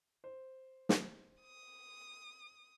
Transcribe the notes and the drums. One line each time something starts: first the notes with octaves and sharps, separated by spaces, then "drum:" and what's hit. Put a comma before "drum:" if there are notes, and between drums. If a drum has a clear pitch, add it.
C5
drum: snare
D#6